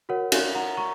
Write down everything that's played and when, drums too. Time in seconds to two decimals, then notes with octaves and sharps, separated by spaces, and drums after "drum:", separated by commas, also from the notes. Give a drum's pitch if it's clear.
0.09 F#4 A#4 C#5 F#5
0.32 F5 G#5, drum: cymbal
0.55 F#5 A#5
0.77 A#5 C#6